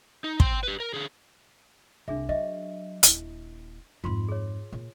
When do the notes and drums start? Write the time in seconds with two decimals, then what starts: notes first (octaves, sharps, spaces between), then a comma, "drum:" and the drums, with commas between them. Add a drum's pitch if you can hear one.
0.24 D#4
0.40 G5 C6, drum: kick
0.63 G4 B4
0.80 A#4
0.94 D3 G#4
2.08 C2 D4 G#4 E5
2.29 F#3 D#5 E5
3.03 D#1 E4, drum: hi-hat
4.04 F2 G#2 F4 C6
4.29 G#4 C#5
4.72 A#2